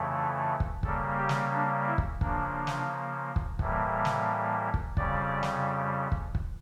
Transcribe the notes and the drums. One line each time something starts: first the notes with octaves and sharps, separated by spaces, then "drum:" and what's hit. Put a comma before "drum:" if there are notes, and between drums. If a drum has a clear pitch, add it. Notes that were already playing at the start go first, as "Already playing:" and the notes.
Already playing: F2 C#3 E3 A3
drum: kick
C#3 G3 A#3 A4, drum: kick
G4
drum: snare
D4
E4
drum: kick
C#3 F3 A#3 D4, drum: kick
drum: snare
drum: kick
A2 E3 G3 A#3, drum: kick
drum: snare
drum: kick
F2 C#3 G3 D5, drum: kick
drum: snare
drum: kick
drum: kick